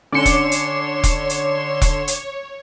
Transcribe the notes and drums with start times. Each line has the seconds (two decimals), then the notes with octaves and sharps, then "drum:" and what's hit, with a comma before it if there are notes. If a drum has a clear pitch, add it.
0.12 D3 C#4 D4 C#5 C6 D6 C#7 E7
0.25 drum: kick E1, hi-hat
0.51 drum: hi-hat
1.03 drum: kick E1, hi-hat
1.30 drum: hi-hat
1.82 drum: kick E1, hi-hat
2.08 drum: hi-hat